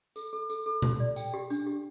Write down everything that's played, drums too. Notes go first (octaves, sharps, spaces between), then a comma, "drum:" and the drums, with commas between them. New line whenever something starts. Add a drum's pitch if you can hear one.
A4, drum: tambourine
A4
A4, drum: tambourine
A4
G4, drum: tom A#2
D5
G5, drum: tambourine
G4
D4, drum: tambourine
G4